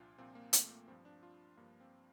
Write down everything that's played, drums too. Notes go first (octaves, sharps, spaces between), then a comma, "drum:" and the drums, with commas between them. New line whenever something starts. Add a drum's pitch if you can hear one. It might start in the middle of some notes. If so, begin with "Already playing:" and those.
Already playing: C2 A#2 F3 D4 F4
C2 A#2 F3 C4
A#3
A3, drum: hi-hat
A#3
G2 F3 C4
D4
F4
G2 F3 A#3
C4